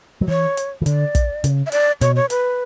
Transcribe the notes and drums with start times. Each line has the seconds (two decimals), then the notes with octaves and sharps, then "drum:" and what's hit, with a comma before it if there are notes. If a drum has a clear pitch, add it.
0.21 F#3
0.28 E3 C#5
0.57 drum: hi-hat
0.82 E3
0.86 D3 D5, drum: hi-hat
1.15 drum: kick, hi-hat
1.44 C#3, drum: hi-hat
1.66 E5
1.72 D5, drum: hi-hat
2.01 B2 C#5, drum: hi-hat
2.16 C#5
2.30 B4, drum: hi-hat